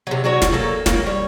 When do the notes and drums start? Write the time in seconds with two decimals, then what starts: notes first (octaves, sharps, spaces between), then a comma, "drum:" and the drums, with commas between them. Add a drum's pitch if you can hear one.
0.07 C3 F#3
0.24 F#3 D4 F#4 C#5
0.42 drum: snare
0.53 F#3 A#3 A4
0.86 F#3 A#3, drum: snare
1.06 G3 C#5